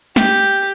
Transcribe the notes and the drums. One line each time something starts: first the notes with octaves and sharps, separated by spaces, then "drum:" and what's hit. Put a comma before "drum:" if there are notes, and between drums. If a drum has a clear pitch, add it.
G4, drum: snare